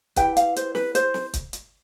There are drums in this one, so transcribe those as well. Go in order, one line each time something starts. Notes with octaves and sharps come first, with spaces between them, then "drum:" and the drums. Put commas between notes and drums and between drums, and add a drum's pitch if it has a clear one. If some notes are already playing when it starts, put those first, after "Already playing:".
E4 G4 B4 G5, drum: kick, hi-hat
F5, drum: hi-hat
C5, drum: hi-hat
B4, drum: snare
C5, drum: hi-hat
drum: snare
drum: kick, hi-hat
drum: hi-hat